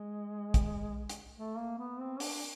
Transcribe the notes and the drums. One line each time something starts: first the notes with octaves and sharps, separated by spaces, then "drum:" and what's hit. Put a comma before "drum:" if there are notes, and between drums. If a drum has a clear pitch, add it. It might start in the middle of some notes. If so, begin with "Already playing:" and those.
Already playing: G#3
drum: kick, hi-hat
drum: hi-hat
A3
A#3
B3
C4
D4, drum: open hi-hat